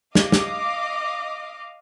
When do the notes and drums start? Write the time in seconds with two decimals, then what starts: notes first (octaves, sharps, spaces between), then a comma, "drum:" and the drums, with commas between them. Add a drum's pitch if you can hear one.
0.15 D#5 F5 D6, drum: snare
0.32 drum: snare